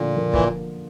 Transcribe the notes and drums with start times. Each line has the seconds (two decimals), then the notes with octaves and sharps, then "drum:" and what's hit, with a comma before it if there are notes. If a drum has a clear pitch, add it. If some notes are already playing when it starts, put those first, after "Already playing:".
Already playing: A#2 D3 F3 A#3
0.16 F3 A#3
0.34 E3, drum: kick